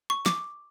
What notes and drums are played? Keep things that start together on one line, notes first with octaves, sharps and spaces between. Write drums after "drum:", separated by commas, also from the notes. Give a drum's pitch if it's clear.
C#6
D6, drum: snare